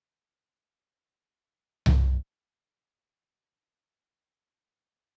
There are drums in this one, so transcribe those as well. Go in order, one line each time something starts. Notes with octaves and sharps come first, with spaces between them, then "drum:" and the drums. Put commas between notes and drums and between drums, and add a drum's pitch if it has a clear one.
A#4
F3
drum: tom C2
D#3 G#3 C#4 C5
E2 C#3 F#4 D6 D#6
F#5 A5 A#5
G2 F#3 A6
C5